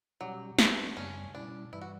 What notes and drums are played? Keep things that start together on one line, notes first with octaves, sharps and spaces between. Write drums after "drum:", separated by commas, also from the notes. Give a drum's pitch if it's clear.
B2 F#3 G3 C#4 G4
G3 A3 D4 F#4 B4, drum: snare
F#2 C#3 G3 C#4
B2 G3 C#4 D4 E4
G2 E3 G3 E4
F#4